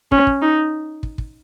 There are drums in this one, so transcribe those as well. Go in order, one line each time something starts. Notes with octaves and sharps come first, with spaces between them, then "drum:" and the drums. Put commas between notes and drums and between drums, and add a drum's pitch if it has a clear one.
C#4, drum: kick
drum: kick
D#4
drum: kick
drum: kick